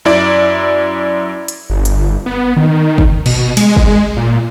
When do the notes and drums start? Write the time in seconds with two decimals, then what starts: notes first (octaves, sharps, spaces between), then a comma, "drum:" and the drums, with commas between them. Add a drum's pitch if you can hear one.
0.05 F#2 E4 D5
1.48 drum: hi-hat
1.70 G1
1.85 drum: hi-hat
2.26 B3
2.57 D#3
2.98 drum: kick
3.26 B2, drum: cymbal
3.57 G#3, drum: cymbal
3.76 drum: kick
4.17 A#2